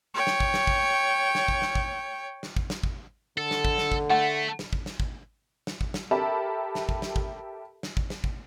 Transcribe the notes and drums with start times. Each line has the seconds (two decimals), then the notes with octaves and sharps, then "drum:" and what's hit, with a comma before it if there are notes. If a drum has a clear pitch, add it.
0.14 C#5 G5
0.27 drum: snare
0.40 drum: kick
0.54 drum: snare
0.67 drum: kick
1.35 drum: snare
1.48 drum: kick
1.62 drum: snare
1.75 drum: kick
2.43 drum: snare
2.56 drum: kick
2.70 drum: snare
2.83 drum: kick
3.38 D3 A4
3.51 drum: snare
3.65 drum: kick
3.78 drum: snare
3.92 drum: kick
4.10 A3 F#5
4.59 drum: snare
4.73 drum: kick
4.86 drum: snare
5.00 drum: kick
5.67 drum: snare
5.81 drum: kick
5.94 drum: snare
6.11 G4 A4 A#4 E5 A5 B5
6.75 drum: snare
6.89 drum: kick
7.02 drum: snare
7.16 drum: kick
7.83 drum: snare
7.97 drum: kick
8.10 drum: snare
8.24 drum: kick